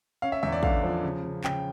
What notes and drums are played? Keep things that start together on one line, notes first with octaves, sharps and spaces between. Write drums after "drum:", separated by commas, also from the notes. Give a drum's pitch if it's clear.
C#4 F5
E5
E2 E5
D5
D3 F5, drum: kick
F3
C#3
C#3
C#3 G5, drum: clap